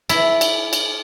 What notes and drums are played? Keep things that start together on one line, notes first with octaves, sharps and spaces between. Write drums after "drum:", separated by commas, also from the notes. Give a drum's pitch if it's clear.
E4, drum: cymbal
drum: cymbal
drum: cymbal